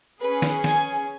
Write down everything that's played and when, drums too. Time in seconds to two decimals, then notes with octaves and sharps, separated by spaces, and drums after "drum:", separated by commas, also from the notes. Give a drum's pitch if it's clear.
0.20 C#4 G#4 B4
0.42 drum: snare
0.64 G#5, drum: snare